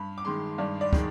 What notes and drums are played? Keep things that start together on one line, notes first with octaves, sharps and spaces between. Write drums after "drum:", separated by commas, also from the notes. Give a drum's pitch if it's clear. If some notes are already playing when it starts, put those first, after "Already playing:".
Already playing: G2 B5
D6
D#3 G#3 C6
G2 D5
D5
D#3 G#3, drum: kick